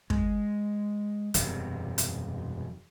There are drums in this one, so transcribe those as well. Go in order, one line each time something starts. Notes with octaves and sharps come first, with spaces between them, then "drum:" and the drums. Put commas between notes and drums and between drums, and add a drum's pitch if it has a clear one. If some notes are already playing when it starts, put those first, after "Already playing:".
G#3, drum: kick
E1 F#2 C3 G3, drum: hi-hat
drum: hi-hat